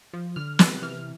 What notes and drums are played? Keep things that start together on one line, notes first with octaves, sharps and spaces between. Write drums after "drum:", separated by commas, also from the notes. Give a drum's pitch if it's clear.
F3
D3 F6
C3 F#6, drum: snare
E3 F6